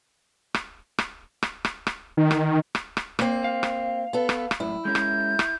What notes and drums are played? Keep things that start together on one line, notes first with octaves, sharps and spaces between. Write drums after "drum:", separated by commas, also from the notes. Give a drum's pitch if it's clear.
drum: rim click
drum: rim click
drum: rim click
drum: rim click
drum: rim click
D#3
drum: rim click
drum: rim click
drum: rim click
A#3 C4, drum: rim click
F5
drum: rim click
B3 A4
drum: rim click
drum: rim click
F#2 A2 E4
G#3 C#4 A#4 G6
drum: rim click
drum: rim click